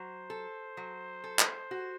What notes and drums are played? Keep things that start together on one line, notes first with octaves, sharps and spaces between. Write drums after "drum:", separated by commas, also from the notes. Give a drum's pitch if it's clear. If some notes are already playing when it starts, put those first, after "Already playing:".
Already playing: F#3 C5
A4
F#3
A4
drum: clap
F#4